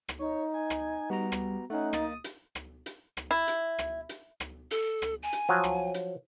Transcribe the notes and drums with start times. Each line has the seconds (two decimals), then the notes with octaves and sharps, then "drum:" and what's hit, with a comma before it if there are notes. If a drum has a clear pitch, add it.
0.08 drum: rim click
0.19 D#4 C#5
0.53 G#5
0.70 drum: rim click
1.10 G3 B3 F#4 A#5
1.32 drum: rim click
1.70 A3 C#4 D#4 F#5
1.93 A#3 D#5 D#6 A6, drum: rim click
2.24 drum: hi-hat
2.55 drum: rim click
2.86 drum: hi-hat
3.17 drum: rim click
3.31 E4
3.48 drum: hi-hat
3.78 drum: rim click
4.09 drum: hi-hat
4.40 drum: rim click
4.71 A4, drum: hi-hat
5.02 drum: rim click
5.23 G#5
5.33 drum: hi-hat
5.49 F3 F#3
5.63 drum: rim click
5.94 drum: hi-hat